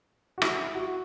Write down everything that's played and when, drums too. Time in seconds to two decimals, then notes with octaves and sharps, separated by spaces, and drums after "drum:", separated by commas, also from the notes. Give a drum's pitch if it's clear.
0.38 F#4
0.42 E4, drum: rim click
0.75 F#4